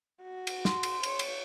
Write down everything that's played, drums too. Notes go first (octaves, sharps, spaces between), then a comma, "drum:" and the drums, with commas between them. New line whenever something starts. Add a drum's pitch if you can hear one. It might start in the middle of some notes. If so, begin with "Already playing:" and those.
F#4
drum: cymbal
C6, drum: snare
drum: cymbal
C#5, drum: cymbal
drum: cymbal